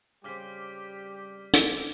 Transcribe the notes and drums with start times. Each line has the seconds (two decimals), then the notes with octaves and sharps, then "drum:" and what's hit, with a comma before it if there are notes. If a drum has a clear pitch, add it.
0.24 C#3 G3 C4 G4 D6 F6 B6
1.53 drum: hi-hat